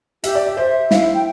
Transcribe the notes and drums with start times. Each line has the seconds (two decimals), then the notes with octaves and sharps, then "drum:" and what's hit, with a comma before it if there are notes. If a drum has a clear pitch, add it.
0.24 G4 E5, drum: hi-hat
0.35 D5
0.46 E5
0.57 C5 E5
0.91 E4 F5, drum: snare
1.14 G5